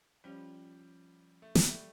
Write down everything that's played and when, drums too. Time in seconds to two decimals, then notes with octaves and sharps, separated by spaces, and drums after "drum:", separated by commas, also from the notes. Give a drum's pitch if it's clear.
0.24 F3 G3 C#4 F4
1.42 A3
1.55 G3, drum: snare
1.70 A3